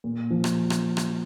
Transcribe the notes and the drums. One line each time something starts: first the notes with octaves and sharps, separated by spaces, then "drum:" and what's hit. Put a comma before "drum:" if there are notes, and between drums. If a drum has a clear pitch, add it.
A#2
F3
drum: rim click
drum: rim click
drum: rim click